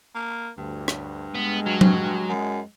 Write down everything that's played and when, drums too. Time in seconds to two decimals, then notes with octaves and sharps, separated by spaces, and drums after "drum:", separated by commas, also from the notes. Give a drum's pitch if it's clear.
0.15 A#3
0.58 D2 G2
0.88 drum: rim click
1.35 G#3 B3
1.66 F#3
1.81 drum: tom F#3
2.29 F#2